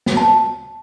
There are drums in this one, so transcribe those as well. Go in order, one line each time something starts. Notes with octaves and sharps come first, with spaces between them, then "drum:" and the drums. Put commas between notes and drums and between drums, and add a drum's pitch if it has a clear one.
drum: snare
A5